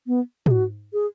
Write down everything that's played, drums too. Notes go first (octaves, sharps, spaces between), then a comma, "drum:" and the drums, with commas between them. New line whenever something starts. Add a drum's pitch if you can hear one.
B3
G#4, drum: tom
F#4
G#4